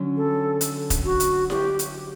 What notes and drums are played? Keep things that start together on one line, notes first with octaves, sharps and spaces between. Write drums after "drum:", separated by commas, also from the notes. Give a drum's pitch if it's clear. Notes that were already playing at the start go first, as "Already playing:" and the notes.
Already playing: D3 F#3 C#4
A4
drum: hi-hat
drum: kick, hi-hat
F#4
drum: hi-hat
G4, drum: snare E4
drum: hi-hat